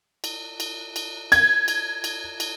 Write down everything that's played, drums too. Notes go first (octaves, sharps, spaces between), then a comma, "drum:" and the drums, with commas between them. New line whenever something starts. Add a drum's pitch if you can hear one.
drum: cymbal
drum: cymbal
drum: cymbal
G#6, drum: cymbal
drum: cymbal
drum: cymbal
drum: cymbal